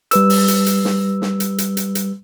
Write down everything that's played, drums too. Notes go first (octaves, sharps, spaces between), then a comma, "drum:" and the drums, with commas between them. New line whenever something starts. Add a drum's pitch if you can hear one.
G3 B4 E6, drum: hi-hat
drum: open hi-hat
drum: hi-hat
drum: hi-hat
drum: snare
drum: snare
drum: hi-hat
drum: hi-hat
drum: hi-hat
drum: hi-hat